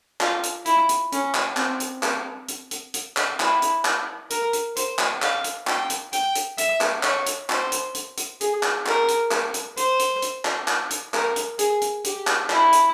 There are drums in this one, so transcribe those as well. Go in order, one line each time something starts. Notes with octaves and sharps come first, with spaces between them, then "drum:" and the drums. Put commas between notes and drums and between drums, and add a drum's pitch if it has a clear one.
F4, drum: clap
drum: hi-hat
E4, drum: hi-hat
drum: hi-hat
C#4, drum: hi-hat
drum: clap
C4, drum: clap
drum: hi-hat
drum: clap
drum: hi-hat
drum: hi-hat
drum: hi-hat
drum: clap
E4, drum: clap
drum: hi-hat
drum: clap
A#4, drum: hi-hat
drum: hi-hat
C5, drum: hi-hat
drum: clap
F5, drum: clap
drum: hi-hat
G5, drum: clap
drum: hi-hat
G5, drum: hi-hat
drum: hi-hat
E5, drum: hi-hat
drum: clap
C#5, drum: clap
drum: hi-hat
C5, drum: clap
drum: hi-hat
drum: hi-hat
drum: hi-hat
G#4, drum: hi-hat
drum: clap
A#4, drum: clap
drum: hi-hat
drum: clap
drum: hi-hat
C5, drum: hi-hat
drum: hi-hat
drum: hi-hat
drum: clap
drum: clap
drum: hi-hat
A#4, drum: clap
drum: hi-hat
G#4, drum: hi-hat
drum: hi-hat
G4, drum: hi-hat
drum: clap
E4, drum: clap
drum: hi-hat